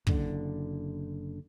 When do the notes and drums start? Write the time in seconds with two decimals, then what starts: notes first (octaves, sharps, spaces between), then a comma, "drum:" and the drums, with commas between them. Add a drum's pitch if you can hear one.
0.07 F#1 D3, drum: kick